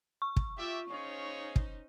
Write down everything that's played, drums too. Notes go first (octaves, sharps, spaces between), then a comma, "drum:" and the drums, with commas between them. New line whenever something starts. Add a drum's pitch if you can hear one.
C#6
drum: kick
F4 G4 D5 E5
C#4 D#4 F4 G#4 C5 C#5
drum: kick